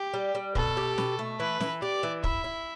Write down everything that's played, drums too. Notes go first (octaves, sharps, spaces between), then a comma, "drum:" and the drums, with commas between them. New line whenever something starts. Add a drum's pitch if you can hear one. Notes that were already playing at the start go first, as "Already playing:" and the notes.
Already playing: G4
G3
G3
B2 A4, drum: kick
G4
B2, drum: snare
A3
E3 B4
E3, drum: snare
G4 D5
E3
E4 E5, drum: kick
E4